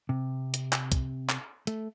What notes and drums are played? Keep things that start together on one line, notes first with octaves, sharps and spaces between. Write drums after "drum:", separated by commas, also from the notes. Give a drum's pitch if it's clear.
C3
drum: hi-hat
drum: clap
drum: kick, hi-hat
drum: clap
A3, drum: hi-hat